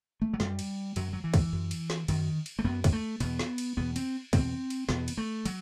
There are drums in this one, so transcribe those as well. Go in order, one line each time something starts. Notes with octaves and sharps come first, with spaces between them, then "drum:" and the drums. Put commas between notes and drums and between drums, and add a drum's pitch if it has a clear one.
A3
F#3
F#2 G3, drum: snare
drum: cymbal
F#2 F#3, drum: cymbal
F#3
E3
drum: kick, cymbal
F#2
drum: cymbal
drum: snare
F#2 D#3, drum: cymbal
drum: cymbal
A3
F#2 B3
B3, drum: kick, cymbal
A3
E2 B2 B3, drum: cymbal
drum: snare
drum: cymbal
E2 B2 B3
C4, drum: cymbal
E2 B2 C4, drum: kick, cymbal
drum: cymbal
E2 B2 B3, drum: snare
drum: cymbal
A3
F#3, drum: cymbal